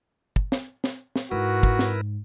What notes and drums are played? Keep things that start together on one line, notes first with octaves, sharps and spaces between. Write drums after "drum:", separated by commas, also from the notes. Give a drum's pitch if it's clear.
drum: kick
drum: snare
drum: snare
drum: snare
G#2 E4 F#4 A#4 B4
drum: kick
drum: snare